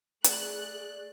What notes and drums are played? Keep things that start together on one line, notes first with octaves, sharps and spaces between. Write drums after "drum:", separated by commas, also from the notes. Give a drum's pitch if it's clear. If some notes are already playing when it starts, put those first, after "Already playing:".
A3 G#4 D5 F#6, drum: hi-hat